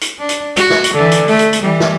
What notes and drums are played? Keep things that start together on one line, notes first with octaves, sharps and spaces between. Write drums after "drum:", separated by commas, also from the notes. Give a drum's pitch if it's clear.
drum: hi-hat
D4
drum: hi-hat
F#4, drum: hi-hat
drum: snare
drum: hi-hat
D3 E3
drum: hi-hat
A3, drum: open hi-hat
drum: hi-hat
drum: hi-hat
E3 G3
drum: snare